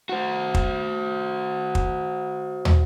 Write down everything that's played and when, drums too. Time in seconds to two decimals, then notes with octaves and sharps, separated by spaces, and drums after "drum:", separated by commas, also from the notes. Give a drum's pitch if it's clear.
0.09 F#4 C5
0.54 drum: kick
1.75 drum: kick
2.65 drum: tom